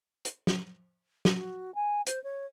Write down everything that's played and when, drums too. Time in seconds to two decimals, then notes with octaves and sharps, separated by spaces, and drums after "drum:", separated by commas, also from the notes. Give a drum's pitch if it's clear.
0.25 drum: hi-hat
0.47 drum: snare
1.25 drum: snare
1.35 F#4
1.75 G#5
2.06 C5, drum: hi-hat
2.24 C#5